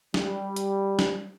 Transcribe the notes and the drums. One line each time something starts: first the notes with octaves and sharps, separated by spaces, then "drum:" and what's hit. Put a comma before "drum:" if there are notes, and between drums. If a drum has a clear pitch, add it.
G3, drum: snare
drum: hi-hat
drum: snare